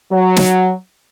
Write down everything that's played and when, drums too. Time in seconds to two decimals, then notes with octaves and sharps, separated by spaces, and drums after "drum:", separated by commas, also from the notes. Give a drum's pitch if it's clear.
0.12 F#3
0.36 drum: snare